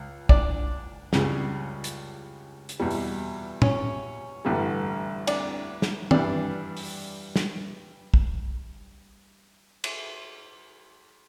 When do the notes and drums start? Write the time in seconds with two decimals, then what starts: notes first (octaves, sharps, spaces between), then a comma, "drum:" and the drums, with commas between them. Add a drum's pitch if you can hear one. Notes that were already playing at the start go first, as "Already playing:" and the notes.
Already playing: C#2
0.29 D4 D5, drum: kick
1.13 C#2 C#3 G3, drum: snare
1.84 drum: hi-hat
2.69 drum: hi-hat
2.80 E2 B2 G3
2.91 drum: open hi-hat
3.62 C#4 C#5, drum: tom
4.45 A1 G2 D3 G3
5.27 D4 D5, drum: cymbal
5.82 drum: snare
6.11 G2 E3 G3 D4 D5, drum: tom
6.77 drum: open hi-hat
7.36 drum: snare
8.14 drum: kick
9.84 drum: cymbal